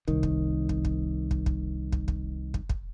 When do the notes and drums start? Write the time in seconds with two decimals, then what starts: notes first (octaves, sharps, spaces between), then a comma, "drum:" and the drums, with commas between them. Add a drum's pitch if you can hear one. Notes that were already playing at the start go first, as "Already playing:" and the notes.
0.08 C2 D#3, drum: kick
0.23 drum: kick
0.69 drum: kick
0.85 drum: kick
1.31 drum: kick
1.46 drum: kick
1.92 drum: kick
2.08 drum: kick
2.54 drum: kick
2.70 drum: kick